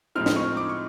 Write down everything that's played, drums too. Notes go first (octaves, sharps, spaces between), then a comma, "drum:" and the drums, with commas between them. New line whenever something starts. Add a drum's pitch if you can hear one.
A2 F3 G#3 C4 D#4 F6
drum: snare
C#6
D6
C#6